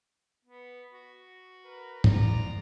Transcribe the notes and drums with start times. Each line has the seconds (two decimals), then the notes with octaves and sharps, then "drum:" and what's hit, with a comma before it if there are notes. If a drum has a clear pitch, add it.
0.45 B3
0.92 F#4
1.64 A#4 B4
2.04 B3 F4 D5 A#5, drum: tom